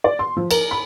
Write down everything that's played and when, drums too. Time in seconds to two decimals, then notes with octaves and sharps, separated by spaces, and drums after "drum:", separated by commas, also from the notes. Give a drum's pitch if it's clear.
0.04 D5
0.19 C6
0.37 F3
0.51 A#4, drum: cymbal
0.71 B5